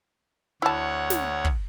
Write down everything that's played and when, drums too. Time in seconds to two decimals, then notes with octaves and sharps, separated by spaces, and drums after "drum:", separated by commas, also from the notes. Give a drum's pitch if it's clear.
0.62 D2 E4 C#5 F#5 A5
1.10 drum: snare
1.45 drum: kick